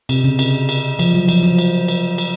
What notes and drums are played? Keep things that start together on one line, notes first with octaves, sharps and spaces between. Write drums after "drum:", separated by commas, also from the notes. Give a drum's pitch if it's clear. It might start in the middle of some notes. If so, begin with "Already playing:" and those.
C3, drum: cymbal
C#3
drum: cymbal
drum: cymbal
F3, drum: cymbal
F#3
F3, drum: cymbal
F3
drum: cymbal
drum: cymbal
drum: cymbal